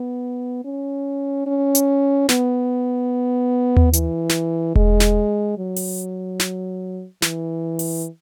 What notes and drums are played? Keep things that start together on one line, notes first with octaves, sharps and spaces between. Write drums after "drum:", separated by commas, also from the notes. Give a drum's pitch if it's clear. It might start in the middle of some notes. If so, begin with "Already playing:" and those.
Already playing: B3
C#4
C#4
drum: hi-hat
B3, drum: snare
drum: tom D#2
E3, drum: hi-hat
drum: snare
G#3, drum: kick E1
drum: snare
F#3
drum: open hi-hat
drum: snare
E3, drum: snare
drum: open hi-hat